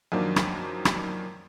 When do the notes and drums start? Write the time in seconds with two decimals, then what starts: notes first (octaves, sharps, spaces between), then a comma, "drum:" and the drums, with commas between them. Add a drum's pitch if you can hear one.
0.12 F#2 D#3 F3 F#3 A#3 D4
0.36 drum: rim click
0.85 drum: rim click